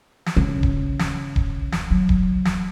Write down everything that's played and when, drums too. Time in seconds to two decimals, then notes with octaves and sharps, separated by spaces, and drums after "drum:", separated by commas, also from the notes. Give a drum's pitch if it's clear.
0.26 drum: snare
0.37 C#3
0.63 drum: kick D#1
0.99 drum: snare
1.36 drum: kick D#1
1.72 drum: snare
1.91 F#3
2.09 drum: kick D#1
2.45 drum: snare